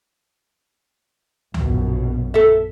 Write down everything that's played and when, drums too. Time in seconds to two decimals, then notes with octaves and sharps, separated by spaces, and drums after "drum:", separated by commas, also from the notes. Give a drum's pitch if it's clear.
1.54 A#1 F#2 B2, drum: tom C#2
2.34 A4 E5